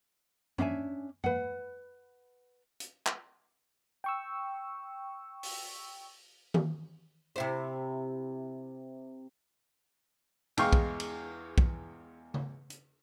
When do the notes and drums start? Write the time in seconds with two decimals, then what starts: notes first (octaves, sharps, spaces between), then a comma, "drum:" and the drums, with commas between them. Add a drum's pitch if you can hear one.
0.58 C#4 D4 E5 G#5, drum: tom F#2
1.24 B4 F#5, drum: tom F#2
2.80 drum: hi-hat
3.06 drum: clap
4.04 G5 C#6 E6
5.43 drum: open hi-hat
6.54 drum: tom D#3
7.36 C3 E4 C5
10.57 E2 G#3 F5 G5 C#6 F6, drum: cymbal
10.73 drum: kick
11.00 drum: cymbal
11.58 drum: kick
12.34 drum: tom C#3
12.70 drum: hi-hat